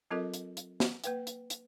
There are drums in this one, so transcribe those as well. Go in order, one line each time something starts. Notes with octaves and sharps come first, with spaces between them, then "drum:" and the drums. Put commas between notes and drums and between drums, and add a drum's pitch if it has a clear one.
F#3 C4 F4 A4 A#4 D#5
drum: hi-hat
drum: hi-hat
drum: snare
A#3 B4 G5, drum: hi-hat
drum: hi-hat
drum: hi-hat